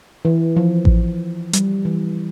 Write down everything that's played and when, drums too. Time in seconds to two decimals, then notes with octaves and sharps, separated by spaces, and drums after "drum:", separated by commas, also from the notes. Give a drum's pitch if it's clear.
0.25 E3
0.56 F3
0.85 drum: kick A1
1.53 G3, drum: hi-hat
1.85 E3